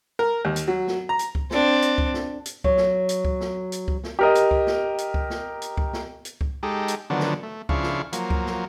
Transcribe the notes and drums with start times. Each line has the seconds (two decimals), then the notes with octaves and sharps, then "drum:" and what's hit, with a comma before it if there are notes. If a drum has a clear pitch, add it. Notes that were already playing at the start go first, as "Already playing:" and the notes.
0.19 A#4
0.45 D#2
0.56 drum: hi-hat
0.68 F#3
0.87 drum: snare
1.09 A#5
1.19 drum: hi-hat
1.35 drum: kick C#2
1.51 C4 D4, drum: snare
1.82 drum: hi-hat
1.98 drum: kick C#2
2.14 drum: snare
2.46 drum: hi-hat
2.64 F#3, drum: kick C#2
2.77 drum: snare
3.09 drum: hi-hat
3.25 drum: kick C#2
3.40 drum: snare
3.72 drum: hi-hat
3.88 drum: kick C#2
4.04 drum: snare
4.19 G4 A#4 D#5
4.35 drum: hi-hat
4.51 drum: kick C#2
4.67 drum: snare
4.98 drum: hi-hat
5.14 drum: kick C#2
5.30 drum: snare
5.62 drum: hi-hat
5.77 drum: kick C#2
5.93 drum: snare
6.25 drum: hi-hat
6.41 drum: kick C#2
6.63 G#3 D#4 G4 A4
6.88 drum: hi-hat
7.10 D3 D#3 F3 F#3 B3 D4
7.20 drum: snare
7.43 A3
7.69 C#3 F3 D4 E4 F5 C#6, drum: kick C#2
7.83 drum: snare
8.13 F3 F#3 A#3, drum: hi-hat
8.30 drum: kick C#2
8.46 drum: snare